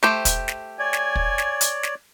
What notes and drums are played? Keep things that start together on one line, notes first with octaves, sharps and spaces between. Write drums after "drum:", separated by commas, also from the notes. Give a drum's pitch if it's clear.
A3 G4 C5, drum: snare
drum: kick, hi-hat
drum: snare
C#5 D5 G#5
drum: snare
drum: kick
drum: snare
drum: hi-hat
drum: snare